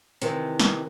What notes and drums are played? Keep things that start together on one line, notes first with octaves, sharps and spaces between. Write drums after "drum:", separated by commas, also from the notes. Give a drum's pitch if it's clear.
C3 D#3 E3, drum: hi-hat
drum: snare